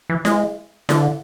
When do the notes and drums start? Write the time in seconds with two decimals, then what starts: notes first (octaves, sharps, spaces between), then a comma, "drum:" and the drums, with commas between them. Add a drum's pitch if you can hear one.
0.10 E3
0.25 G#3, drum: snare E4
0.89 D3, drum: snare E4